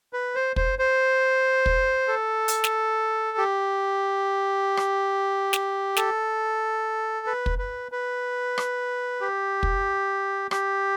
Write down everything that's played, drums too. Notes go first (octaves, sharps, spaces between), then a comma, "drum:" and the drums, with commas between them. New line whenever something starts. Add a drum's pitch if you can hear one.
B4
C5
C5, drum: kick
C5
drum: kick
A4
drum: hi-hat
drum: snare
G4
drum: rim click
drum: snare
A4, drum: snare
B4
drum: kick
B4
B4
drum: rim click
G4
drum: kick
G4, drum: rim click